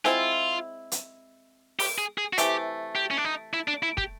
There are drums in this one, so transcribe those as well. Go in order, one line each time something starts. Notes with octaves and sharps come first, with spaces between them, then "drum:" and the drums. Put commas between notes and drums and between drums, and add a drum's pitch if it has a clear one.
G#3 C4 E4 F4, drum: rim click
drum: hi-hat
G4, drum: open hi-hat
G#4
G#4
F#4
C3 E3 A3 G4, drum: hi-hat
G4
C#4
D4
D#4
E4
D4
E4
G4, drum: kick